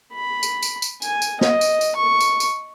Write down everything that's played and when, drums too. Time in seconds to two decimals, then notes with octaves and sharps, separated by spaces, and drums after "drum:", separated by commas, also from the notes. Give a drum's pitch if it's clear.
0.13 B5
0.43 drum: tambourine
0.62 drum: tambourine
0.82 drum: tambourine
1.02 G#5, drum: tambourine
1.22 drum: tambourine
1.41 D#5, drum: snare
1.61 drum: tambourine
1.81 drum: tambourine
1.96 C#6
2.20 drum: tambourine
2.40 drum: tambourine